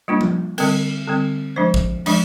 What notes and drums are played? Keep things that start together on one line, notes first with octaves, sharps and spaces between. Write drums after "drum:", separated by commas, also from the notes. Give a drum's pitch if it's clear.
G3 A#3 D4 F4
drum: tom F3
D3 G3 C4 A#4, drum: cymbal
D3 G3 C4
F3 G#3 D4 C5
drum: kick
F3 G#3 D4, drum: cymbal